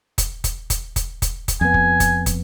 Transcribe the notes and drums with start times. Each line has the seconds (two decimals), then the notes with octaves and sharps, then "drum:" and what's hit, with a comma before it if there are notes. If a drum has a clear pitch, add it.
0.18 drum: kick, hi-hat
0.44 drum: kick, hi-hat
0.70 drum: kick, hi-hat
0.96 drum: kick, hi-hat
1.22 drum: kick, hi-hat
1.48 drum: kick, hi-hat
1.61 F2 B3 G#5
1.74 drum: kick
2.00 drum: kick, hi-hat
2.26 drum: kick, hi-hat